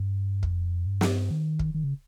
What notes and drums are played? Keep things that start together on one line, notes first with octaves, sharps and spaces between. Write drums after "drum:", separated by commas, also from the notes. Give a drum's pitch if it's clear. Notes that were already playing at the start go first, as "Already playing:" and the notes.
Already playing: G2
F2, drum: kick
G2
drum: snare
D#3
drum: kick
D#3
C#3